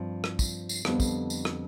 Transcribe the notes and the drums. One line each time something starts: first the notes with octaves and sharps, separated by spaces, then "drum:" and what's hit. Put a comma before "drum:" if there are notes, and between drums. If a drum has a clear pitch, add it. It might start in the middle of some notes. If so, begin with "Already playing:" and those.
Already playing: G2 F3 C4
drum: rim click
drum: kick, tambourine
drum: tambourine
F2 D3 G3 B3, drum: rim click
drum: kick, tambourine
drum: tambourine
drum: rim click